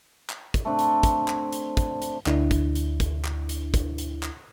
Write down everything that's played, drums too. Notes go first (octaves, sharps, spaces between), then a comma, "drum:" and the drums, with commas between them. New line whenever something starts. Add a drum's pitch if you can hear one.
drum: clap
drum: kick, hi-hat
A3 C4 D4
drum: hi-hat
drum: kick, hi-hat
drum: clap
drum: hi-hat
drum: kick, hi-hat
drum: hi-hat
D2 D4 E4, drum: clap
drum: kick, hi-hat
drum: hi-hat
drum: kick, hi-hat
drum: clap
drum: hi-hat
drum: kick, hi-hat
drum: hi-hat
drum: clap